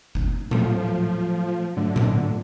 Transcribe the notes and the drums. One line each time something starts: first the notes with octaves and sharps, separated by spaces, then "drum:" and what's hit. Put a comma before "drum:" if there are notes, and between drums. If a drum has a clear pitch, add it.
drum: kick F#1
F3 F#3 A3 A4, drum: tom A2
F3
G#2 D3 F#3 A3
drum: tom A2